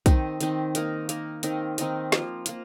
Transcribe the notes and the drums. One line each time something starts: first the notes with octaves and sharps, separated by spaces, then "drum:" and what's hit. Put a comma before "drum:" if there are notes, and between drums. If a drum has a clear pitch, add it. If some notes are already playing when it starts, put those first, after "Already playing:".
D#3 C4 D#4, drum: kick, hi-hat
D#3 C4 D#4, drum: hi-hat
A#3 D#4 A#4, drum: hi-hat
A#3 D#4 A#4, drum: hi-hat
D#3 C4 D#4 A#4, drum: hi-hat
D#3 C4 D#4 A#4, drum: hi-hat
F3 A#3 F4, drum: snare
A#3 F4, drum: hi-hat